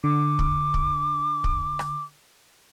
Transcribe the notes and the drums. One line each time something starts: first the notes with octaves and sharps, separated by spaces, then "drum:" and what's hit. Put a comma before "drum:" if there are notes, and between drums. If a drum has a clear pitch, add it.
D3 D6
drum: kick
drum: kick
drum: kick
drum: rim click